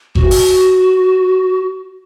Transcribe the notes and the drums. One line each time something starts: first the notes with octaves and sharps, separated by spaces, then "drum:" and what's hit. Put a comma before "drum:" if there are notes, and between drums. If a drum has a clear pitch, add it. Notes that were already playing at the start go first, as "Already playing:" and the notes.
F#4, drum: kick G1
drum: open hi-hat